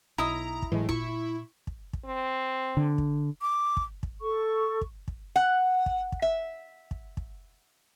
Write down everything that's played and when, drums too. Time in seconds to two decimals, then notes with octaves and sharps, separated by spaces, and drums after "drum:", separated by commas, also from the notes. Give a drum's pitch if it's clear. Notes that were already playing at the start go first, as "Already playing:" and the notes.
0.18 B1 E4 D#5 A#5 D#6
0.62 drum: kick
0.72 A2 E3 F#3 G#3
0.89 A#2 E4 C#6, drum: kick
1.67 drum: kick
1.93 drum: kick
2.05 C4
2.77 D3
2.98 drum: kick
3.41 D6
3.77 drum: kick
4.03 drum: kick
4.20 A4 C#6
4.81 drum: kick
5.08 drum: kick
5.36 F#5
5.86 drum: kick
6.12 drum: kick
6.22 E5
6.91 drum: kick
7.17 drum: kick